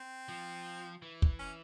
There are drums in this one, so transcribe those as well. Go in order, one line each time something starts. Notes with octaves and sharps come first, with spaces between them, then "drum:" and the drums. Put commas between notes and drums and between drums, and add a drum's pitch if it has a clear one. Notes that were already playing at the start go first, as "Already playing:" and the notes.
Already playing: C4
F3
E3
drum: kick
C#4